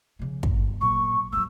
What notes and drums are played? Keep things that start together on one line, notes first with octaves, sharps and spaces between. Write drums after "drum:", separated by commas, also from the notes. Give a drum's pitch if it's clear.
C#3 F3
G1, drum: kick
A#2 F#3 C#6
F#2 F#3 E6